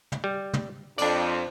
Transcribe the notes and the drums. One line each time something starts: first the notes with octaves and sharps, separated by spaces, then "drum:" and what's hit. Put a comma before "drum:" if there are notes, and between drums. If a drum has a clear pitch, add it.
drum: tom
G3
drum: tom
F2 D4 D5, drum: cymbal